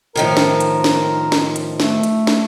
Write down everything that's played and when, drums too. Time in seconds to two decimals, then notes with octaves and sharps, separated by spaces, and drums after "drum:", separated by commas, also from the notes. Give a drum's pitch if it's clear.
0.16 A2 D#3 F3 A#4
0.37 drum: snare
0.60 drum: hi-hat
0.84 drum: snare
1.32 drum: snare
1.56 drum: hi-hat
1.80 A3, drum: snare
2.03 drum: hi-hat
2.27 drum: snare